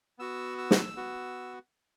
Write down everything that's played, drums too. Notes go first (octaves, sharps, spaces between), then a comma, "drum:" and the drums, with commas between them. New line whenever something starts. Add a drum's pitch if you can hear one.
B3 F#4 E6
E6
drum: snare
B3 F#4